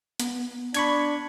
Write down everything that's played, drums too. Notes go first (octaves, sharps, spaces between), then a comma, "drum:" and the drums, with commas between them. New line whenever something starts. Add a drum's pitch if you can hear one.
B3, drum: hi-hat
D4 B5 C#6 G#6, drum: hi-hat